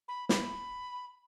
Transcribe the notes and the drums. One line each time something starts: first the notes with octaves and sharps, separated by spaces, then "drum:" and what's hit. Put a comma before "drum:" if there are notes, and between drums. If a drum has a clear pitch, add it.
B5
B5, drum: snare